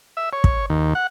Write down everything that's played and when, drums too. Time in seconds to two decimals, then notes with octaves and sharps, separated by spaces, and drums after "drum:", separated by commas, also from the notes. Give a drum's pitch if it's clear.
0.17 E5
0.33 C#5
0.44 drum: kick
0.70 D#2
0.95 F#5